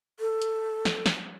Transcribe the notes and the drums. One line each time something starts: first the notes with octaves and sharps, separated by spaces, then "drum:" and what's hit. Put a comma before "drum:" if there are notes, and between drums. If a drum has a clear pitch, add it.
A4
drum: hi-hat
drum: snare
drum: snare